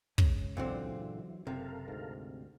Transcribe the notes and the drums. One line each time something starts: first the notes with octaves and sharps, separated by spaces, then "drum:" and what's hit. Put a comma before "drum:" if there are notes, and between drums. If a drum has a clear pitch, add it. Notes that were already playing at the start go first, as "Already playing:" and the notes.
C#3 G#3 C#4, drum: kick
A#2 D3 E3 F#3 C4
F#1 C3 A4 A#4 F5
D2 G#2